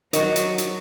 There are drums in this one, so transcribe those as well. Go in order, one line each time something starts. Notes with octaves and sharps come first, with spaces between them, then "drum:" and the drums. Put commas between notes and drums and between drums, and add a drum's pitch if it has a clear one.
D#3 F#3 D#4 F#4, drum: hi-hat
drum: hi-hat
drum: hi-hat